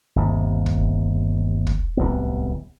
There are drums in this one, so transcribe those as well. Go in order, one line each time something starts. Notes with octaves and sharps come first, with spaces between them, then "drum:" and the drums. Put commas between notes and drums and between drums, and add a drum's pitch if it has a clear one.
G1 D#2 C3
drum: kick
drum: kick
D1 C2 B3